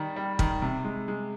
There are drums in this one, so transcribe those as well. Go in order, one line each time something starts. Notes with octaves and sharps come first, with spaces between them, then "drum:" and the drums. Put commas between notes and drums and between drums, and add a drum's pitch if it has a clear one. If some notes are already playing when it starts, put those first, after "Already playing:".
Already playing: D#3 G3
G3
D#3, drum: kick
C3
G#3
G#3